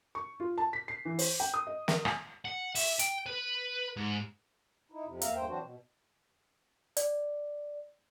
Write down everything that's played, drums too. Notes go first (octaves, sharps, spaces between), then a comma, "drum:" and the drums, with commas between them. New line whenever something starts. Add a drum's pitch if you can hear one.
C#6
F4
A5
B6
C7
E3
C5, drum: open hi-hat
G5
D#6
D#5
A#4, drum: snare
G#5, drum: rim click
F#5
E5, drum: open hi-hat
G5, drum: hi-hat
B4
G#2
D#4 E4
F2 C3
E2 A#3 E5 F5 A#5, drum: hi-hat
E2 G2 A3 A#3 C5 G5
E3 F#3 C4 D4 F#4 C5
B2
D5, drum: hi-hat